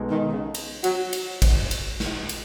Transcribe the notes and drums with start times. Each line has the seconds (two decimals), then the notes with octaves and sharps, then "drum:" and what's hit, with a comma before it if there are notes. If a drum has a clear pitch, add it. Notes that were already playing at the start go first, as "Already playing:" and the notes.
Already playing: B1 B2 G#3 D#4
0.11 D#3
0.33 C#3
0.55 drum: cymbal
0.84 F#3, drum: cymbal
1.13 drum: cymbal
1.42 drum: kick A1, cymbal
1.71 drum: cymbal
2.00 drum: snare
2.29 drum: cymbal